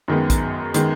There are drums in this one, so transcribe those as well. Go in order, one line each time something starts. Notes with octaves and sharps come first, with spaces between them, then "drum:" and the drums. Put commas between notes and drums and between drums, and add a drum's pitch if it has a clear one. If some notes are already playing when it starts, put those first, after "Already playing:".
F#2 D#3 G#3 B3
drum: kick, hi-hat
D#3 G#3 B3, drum: hi-hat